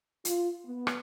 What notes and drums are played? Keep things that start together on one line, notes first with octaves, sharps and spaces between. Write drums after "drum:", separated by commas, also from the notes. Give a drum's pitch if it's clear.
F4, drum: hi-hat
B3
drum: rim click